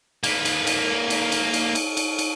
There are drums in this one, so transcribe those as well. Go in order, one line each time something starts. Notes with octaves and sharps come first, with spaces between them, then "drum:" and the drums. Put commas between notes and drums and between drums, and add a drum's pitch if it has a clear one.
A#3 B4, drum: cymbal
drum: cymbal
drum: cymbal
drum: cymbal
drum: cymbal
drum: cymbal
drum: cymbal
drum: cymbal
drum: cymbal